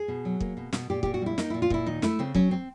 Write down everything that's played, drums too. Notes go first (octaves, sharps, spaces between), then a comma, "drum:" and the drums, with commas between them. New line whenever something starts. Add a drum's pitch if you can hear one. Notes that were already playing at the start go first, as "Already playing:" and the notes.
Already playing: G#4
B2
F#3
A#3, drum: kick
B2
B2, drum: snare
A#2 G4
A#2 G4, drum: kick
F#4
G3 E4
A#3 D#4, drum: snare
A#2 E4
F4
A#2 E4, drum: kick
D#2 D#4
A3 E4, drum: snare
C#3 C4
F#3 C#4, drum: kick
C4